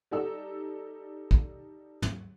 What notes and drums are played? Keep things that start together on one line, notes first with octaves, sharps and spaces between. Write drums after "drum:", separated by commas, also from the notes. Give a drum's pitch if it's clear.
G3 D#4 A4 E6
drum: kick
drum: tom